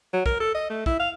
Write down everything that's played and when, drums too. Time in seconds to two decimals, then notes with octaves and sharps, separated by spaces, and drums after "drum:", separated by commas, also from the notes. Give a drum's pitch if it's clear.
0.13 F#3
0.26 A#4, drum: kick
0.40 A4
0.54 D#5
0.70 A3
0.86 E4, drum: kick
1.00 F5